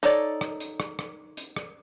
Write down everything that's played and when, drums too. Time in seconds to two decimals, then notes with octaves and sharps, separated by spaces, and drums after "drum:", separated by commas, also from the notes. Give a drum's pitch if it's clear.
0.03 D#4 A4 C#5 D5
0.41 drum: rim click
0.60 drum: hi-hat
0.80 drum: rim click
0.99 drum: rim click
1.37 drum: hi-hat
1.56 drum: rim click